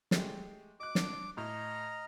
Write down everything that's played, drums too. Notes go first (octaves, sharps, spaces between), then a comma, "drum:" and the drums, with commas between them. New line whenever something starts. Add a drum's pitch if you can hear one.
G#3 A3 G4, drum: snare
D#5 D6 F#6
D4, drum: snare
A2 D#5 A#5 F6